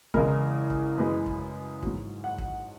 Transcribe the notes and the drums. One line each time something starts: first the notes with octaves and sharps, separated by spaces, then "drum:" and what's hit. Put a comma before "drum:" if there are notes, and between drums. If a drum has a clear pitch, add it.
E2 C#3 E3 G#3 A#4, drum: kick
drum: kick
F#2 E3 G#3 B4
drum: kick
G#2 F#3, drum: kick
F#5
drum: kick